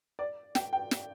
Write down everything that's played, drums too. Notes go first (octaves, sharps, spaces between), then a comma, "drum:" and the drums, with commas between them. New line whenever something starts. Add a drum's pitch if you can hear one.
D5
G5, drum: snare
G5
drum: snare